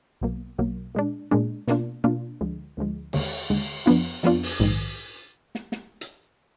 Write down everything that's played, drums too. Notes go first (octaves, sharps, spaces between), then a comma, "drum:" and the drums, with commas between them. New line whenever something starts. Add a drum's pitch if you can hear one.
B1 B2 F#3 A#3
B1 B2 F#3 A#3
A#2 G#3 D4
A#2 G#3 D4
B2 A#3 D4 F4, drum: snare
B2 A#3 D4 F4
D2 D3 F3 G#3
D2 D3 F3 G#3
D#2 D3 G#3, drum: cymbal
D#2 D3 G#3
F2 F3 B3 D4 F4
F2 F3 B3 D4 F4, drum: snare
drum: open hi-hat
A#1 G#2 D#3
drum: snare
drum: snare
drum: hi-hat